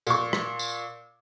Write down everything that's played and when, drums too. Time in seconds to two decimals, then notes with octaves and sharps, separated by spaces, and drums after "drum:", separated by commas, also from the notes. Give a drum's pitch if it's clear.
0.07 A#2 C#6, drum: tambourine
0.33 drum: rim click
0.59 drum: tambourine